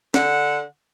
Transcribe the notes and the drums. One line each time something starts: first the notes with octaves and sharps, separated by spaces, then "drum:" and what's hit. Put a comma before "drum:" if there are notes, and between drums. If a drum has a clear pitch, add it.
D3 F#5, drum: snare